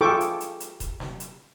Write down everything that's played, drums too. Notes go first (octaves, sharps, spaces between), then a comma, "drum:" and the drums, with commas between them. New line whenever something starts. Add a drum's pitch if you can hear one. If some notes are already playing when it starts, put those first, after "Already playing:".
F4 G#4 A4 G5 C#6 D6
drum: hi-hat
drum: hi-hat
drum: hi-hat
drum: kick D#1, hi-hat
drum: snare
drum: hi-hat